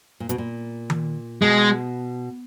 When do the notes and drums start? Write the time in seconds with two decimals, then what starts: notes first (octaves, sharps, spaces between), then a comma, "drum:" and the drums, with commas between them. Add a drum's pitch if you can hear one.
0.20 A#2
0.29 B2, drum: hi-hat
0.38 A#2
0.90 drum: tom D#3
1.42 B2 G#3